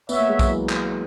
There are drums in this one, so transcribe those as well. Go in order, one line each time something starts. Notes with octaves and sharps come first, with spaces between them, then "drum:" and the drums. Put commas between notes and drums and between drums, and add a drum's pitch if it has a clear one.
B3 F#4 C#5 E5, drum: tambourine
A#3
G#3
F#3, drum: kick A#1, tambourine
E3
drum: clap